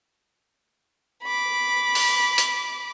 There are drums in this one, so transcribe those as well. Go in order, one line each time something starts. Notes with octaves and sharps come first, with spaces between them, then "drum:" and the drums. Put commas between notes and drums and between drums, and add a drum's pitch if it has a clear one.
B5 D6
drum: open hi-hat
drum: hi-hat